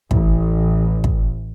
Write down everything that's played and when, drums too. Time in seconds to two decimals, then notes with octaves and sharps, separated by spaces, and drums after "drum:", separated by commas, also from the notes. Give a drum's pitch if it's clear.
0.11 A1, drum: kick
1.04 drum: kick